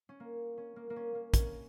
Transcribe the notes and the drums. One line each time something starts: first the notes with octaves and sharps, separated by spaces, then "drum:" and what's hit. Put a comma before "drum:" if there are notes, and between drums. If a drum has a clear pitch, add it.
C#4
A#3
C#4
A#3
A#3
C#4
A#3
C#4, drum: kick, hi-hat